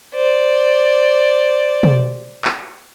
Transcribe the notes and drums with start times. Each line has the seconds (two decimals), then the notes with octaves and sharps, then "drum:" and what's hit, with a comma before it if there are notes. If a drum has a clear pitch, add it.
0.15 C5 D5
1.83 drum: tom
2.45 drum: clap